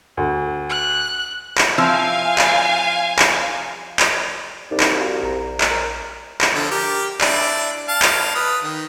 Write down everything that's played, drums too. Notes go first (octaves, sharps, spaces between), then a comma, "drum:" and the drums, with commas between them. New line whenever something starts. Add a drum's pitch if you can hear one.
D2
F#6
drum: clap
F3 C4 E4 F5 G#5
drum: clap
drum: clap
drum: clap
C2 D#4 D5
drum: clap
F#4 C5 F5
A#1 A#5
drum: clap
A#4
drum: clap
D3 F3 A4
G4 A#4
D4 E4 D5, drum: clap
F5 A5
drum: clap
B4 D#6
D#3